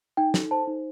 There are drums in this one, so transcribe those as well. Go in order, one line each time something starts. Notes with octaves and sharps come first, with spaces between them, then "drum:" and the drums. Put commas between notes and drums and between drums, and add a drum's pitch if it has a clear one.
D#4 G5
A4, drum: snare
C5 A5
D#4